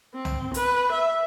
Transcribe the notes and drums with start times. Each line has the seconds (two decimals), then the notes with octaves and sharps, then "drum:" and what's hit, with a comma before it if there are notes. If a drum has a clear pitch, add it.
0.14 C4
0.25 drum: tom C2
0.54 B4, drum: hi-hat
0.92 E5